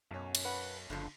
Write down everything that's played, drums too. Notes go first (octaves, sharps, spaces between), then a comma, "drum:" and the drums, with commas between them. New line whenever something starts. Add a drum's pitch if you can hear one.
B1 F#2 C#4
drum: cymbal
B4 F#5
F#1 G2 D3 F3